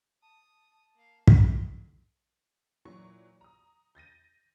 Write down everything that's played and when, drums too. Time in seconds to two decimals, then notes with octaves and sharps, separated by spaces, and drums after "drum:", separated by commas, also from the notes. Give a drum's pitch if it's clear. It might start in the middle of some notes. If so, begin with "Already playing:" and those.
0.22 A5 D#6
0.96 A#3 F5
1.27 A#2 F4 G4 A4, drum: kick
2.85 A#2 E3 F#3 C#6
3.41 A#5 D#6
3.95 G6 A6 A#6 D#7